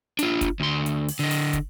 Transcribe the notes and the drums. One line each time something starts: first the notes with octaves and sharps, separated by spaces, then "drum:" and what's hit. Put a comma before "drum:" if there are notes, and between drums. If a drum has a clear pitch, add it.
D4 F4, drum: hi-hat
drum: kick, hi-hat
D2 C6
drum: hi-hat
drum: open hi-hat
D3 D#5
drum: open hi-hat
drum: kick, hi-hat